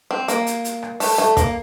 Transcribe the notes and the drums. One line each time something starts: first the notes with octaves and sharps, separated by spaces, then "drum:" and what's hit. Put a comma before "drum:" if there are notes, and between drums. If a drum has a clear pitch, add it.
C4
A#3, drum: hi-hat
drum: hi-hat
drum: hi-hat
drum: rim click
A3, drum: open hi-hat
A3, drum: rim click
A#3, drum: kick, hi-hat